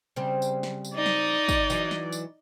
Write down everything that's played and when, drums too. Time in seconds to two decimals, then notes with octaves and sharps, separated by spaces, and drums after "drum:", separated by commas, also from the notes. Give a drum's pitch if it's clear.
0.16 C#3 G3 C4
0.42 drum: tambourine
0.63 drum: snare
0.85 drum: tambourine
0.95 D#4 D5 D#5
1.06 drum: snare
1.49 drum: kick, tambourine
1.70 E3 F#3, drum: tambourine
1.91 drum: snare
2.12 drum: tambourine